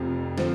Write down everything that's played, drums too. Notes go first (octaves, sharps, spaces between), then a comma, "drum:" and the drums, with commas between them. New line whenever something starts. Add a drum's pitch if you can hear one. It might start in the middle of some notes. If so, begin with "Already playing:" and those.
Already playing: F1 F2 C3 F3
D3 F3 C4, drum: snare